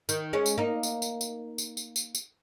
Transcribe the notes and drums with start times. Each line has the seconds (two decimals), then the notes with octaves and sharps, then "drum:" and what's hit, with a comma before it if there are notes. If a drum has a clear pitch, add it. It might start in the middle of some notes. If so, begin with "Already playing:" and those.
0.09 D#3, drum: tambourine
0.33 G#3 C#4
0.46 drum: tambourine
0.58 A#3 D#4
0.83 drum: tambourine
1.02 drum: tambourine
1.21 drum: tambourine
1.58 drum: tambourine
1.77 drum: tambourine
1.96 drum: tambourine
2.15 drum: tambourine